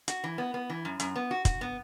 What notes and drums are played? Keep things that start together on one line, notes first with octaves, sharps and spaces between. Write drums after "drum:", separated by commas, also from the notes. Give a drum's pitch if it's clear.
F#4, drum: hi-hat
E3
B3
B3
E3
F#2
F#2, drum: hi-hat
B3
F#4
F#4, drum: kick, hi-hat
B3